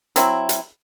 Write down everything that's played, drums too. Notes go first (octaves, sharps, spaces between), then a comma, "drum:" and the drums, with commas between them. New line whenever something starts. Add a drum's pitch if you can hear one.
F#3 C4 E4, drum: hi-hat
drum: hi-hat